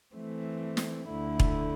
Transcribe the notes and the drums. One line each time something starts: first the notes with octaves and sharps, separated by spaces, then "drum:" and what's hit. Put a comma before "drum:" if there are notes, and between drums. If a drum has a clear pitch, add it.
E3 A3 C4
drum: snare
D2 D3 A3 E4
drum: kick E1